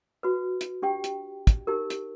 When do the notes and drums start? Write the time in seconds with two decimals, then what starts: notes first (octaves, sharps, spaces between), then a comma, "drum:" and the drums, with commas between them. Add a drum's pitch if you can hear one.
0.23 F#4 B4
0.61 drum: hi-hat
0.82 D4 G4 G5
1.04 drum: hi-hat
1.47 drum: kick, hi-hat
1.67 D#4 G4 A#4
1.90 drum: hi-hat